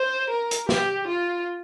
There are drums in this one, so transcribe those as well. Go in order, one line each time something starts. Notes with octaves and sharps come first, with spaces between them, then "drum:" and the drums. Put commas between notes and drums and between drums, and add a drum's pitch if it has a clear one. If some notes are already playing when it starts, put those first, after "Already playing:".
Already playing: C5
A#4
drum: hi-hat
G4, drum: snare
F4